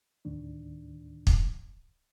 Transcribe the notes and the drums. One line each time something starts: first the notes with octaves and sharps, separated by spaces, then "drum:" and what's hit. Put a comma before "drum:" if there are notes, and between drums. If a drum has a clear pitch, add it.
D2 A2 D#3 D4
drum: kick